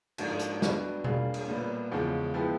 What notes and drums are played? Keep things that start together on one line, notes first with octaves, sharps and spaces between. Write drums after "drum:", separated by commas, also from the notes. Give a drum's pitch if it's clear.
G#2 F3 A#3 D4 F#4, drum: cymbal
drum: hi-hat
G3 B3 D4 F#4, drum: snare
G3 A#3 D4 F4 G#4, drum: tom B2
drum: cymbal
A#2 G3 B3
E2 C#3 F3 G#3
F3 G#3 B3 E4 G4